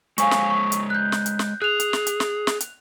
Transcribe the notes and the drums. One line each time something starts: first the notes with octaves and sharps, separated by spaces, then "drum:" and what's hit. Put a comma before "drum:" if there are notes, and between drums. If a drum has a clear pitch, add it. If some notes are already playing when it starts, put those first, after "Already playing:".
G#3 C5 C#5 F5 G#5 C#6, drum: hi-hat
drum: snare
C#6
drum: hi-hat
F#6 G6
drum: snare
drum: hi-hat
drum: snare
G#4 F#6 F7
drum: hi-hat
drum: snare
drum: hi-hat
drum: snare
drum: snare
drum: hi-hat